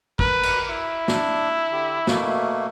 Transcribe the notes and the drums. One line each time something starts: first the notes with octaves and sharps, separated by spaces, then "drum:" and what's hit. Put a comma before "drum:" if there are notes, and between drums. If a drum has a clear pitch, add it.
A#4 B4, drum: kick
drum: cymbal
E4
D4, drum: snare
D3 G4
B2 A3 A#3, drum: snare